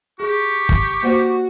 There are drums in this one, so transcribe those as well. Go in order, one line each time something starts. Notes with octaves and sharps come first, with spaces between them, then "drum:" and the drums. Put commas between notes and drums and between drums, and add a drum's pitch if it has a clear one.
G4 G#4 C#6
drum: kick
A#3 F#4 C5 F#5